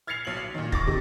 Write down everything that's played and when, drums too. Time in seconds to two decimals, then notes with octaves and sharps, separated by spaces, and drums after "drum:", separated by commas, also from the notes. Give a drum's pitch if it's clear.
0.07 F6 G#6 A6 C7 C#7 F7
0.25 B1 F#7
0.37 F6
0.55 A#2 D#3
0.72 C#6 D6 A6 A#6, drum: kick
0.87 C3 D#3